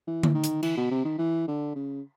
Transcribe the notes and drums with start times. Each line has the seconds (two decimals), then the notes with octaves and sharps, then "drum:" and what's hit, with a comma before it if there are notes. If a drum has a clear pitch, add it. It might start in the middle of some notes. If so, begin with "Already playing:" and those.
0.07 E3
0.23 drum: tom D3
0.34 D#3
0.44 drum: hi-hat
0.63 E3, drum: cymbal
0.77 B2
0.91 C3
1.05 D#3
1.19 E3
1.48 D3
1.76 C#3